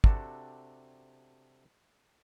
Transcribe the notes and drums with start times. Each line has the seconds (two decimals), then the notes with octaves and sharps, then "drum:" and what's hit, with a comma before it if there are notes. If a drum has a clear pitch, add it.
0.04 C3 D4 F#4 A4, drum: kick